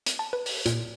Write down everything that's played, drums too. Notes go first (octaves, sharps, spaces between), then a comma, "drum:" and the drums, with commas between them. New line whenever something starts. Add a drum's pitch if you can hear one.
drum: hi-hat
A5
B4
drum: open hi-hat
A#2, drum: hi-hat